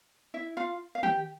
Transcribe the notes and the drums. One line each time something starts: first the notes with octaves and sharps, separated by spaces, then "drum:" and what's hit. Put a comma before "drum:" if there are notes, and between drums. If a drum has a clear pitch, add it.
E4 E5
F4 F5
F5
G4 G5, drum: tom D#3